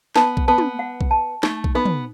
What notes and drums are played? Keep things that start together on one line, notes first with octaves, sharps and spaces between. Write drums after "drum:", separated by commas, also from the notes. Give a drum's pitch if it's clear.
B3 A5, drum: snare
drum: kick B1
B3 A5
drum: tom
F#5
drum: kick B1
A5
A3 D#4, drum: snare
drum: kick B1
B3 D#4
drum: tom